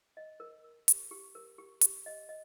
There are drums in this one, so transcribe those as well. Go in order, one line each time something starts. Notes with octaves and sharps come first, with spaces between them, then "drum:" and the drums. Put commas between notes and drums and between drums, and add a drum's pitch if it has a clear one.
D#5
A#4
A#4
G4, drum: hi-hat
G4
A#4
G4
G4, drum: hi-hat
D#5
D#5